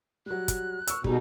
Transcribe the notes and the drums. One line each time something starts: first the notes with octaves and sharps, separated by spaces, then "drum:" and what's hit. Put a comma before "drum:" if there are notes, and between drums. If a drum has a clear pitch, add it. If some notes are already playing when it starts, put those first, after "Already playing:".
F#3 G3 F#6
drum: kick, hi-hat
C#6 E6, drum: hi-hat
B2 G3 D#4 G#4, drum: kick